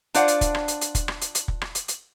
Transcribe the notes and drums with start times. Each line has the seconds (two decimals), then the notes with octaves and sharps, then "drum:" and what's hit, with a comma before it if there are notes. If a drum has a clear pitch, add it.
0.14 D4 F4 C5 D5 F5 F#5, drum: hi-hat
0.28 drum: hi-hat
0.41 drum: kick, hi-hat
0.55 drum: rim click
0.68 drum: hi-hat
0.81 drum: hi-hat
0.95 drum: kick, hi-hat
1.08 drum: rim click
1.21 drum: hi-hat
1.35 drum: hi-hat
1.48 drum: kick
1.61 drum: rim click
1.75 drum: hi-hat
1.88 drum: hi-hat